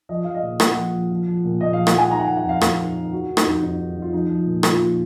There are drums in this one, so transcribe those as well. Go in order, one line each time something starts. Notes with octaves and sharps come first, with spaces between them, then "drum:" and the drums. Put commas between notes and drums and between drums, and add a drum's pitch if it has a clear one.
F3 D#5
F3 F5
D#5
A#2
A#2 F#5, drum: rim click
F3
F3
F3
F3
A#2
A#2 D#5
F3 F5
F#5, drum: rim click
F3 G#5
D#3 A#5
F#5
G#5
D#3
F#5
F2 F5
F2, drum: rim click
D#3
D#3
D#3 F#4
D#3
D#4, drum: rim click
F2
F2 D#4
D#3
D#3
F4
F3 D#4
F3
A#2
A#2 F4, drum: rim click
F3